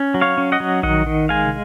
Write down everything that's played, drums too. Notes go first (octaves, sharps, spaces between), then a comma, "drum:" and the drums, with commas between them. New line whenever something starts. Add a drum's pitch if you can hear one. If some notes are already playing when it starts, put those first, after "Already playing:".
Already playing: C#4
F#3
C#5 F5
C#4
D#5 F#5
F#3
D#3 D#5 F#5, drum: kick A#1
D#3
G#3 F5 G#5
drum: tom